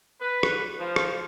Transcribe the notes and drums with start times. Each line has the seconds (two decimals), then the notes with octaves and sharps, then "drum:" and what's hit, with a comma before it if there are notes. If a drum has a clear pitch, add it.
0.21 B4
0.43 drum: rim click
0.79 F3
0.96 drum: rim click